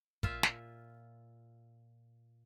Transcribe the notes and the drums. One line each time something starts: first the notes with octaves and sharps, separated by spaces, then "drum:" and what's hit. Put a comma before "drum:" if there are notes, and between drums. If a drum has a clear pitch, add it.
A#2 F4 E5, drum: kick
drum: snare